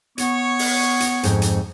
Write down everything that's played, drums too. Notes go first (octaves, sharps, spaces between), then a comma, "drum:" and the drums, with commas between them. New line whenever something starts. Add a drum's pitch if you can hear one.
B3 C#5 C#6, drum: hi-hat
drum: open hi-hat
drum: hi-hat
F2 G#2, drum: hi-hat
drum: hi-hat